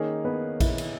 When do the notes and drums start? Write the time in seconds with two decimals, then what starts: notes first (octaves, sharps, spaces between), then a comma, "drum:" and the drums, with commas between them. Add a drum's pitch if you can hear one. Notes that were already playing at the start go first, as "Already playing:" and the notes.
Already playing: D#3 A#3 C#4 D#4 G#4 C#5
0.25 B3 B4
0.60 E4, drum: kick A#1, cymbal
0.78 drum: cymbal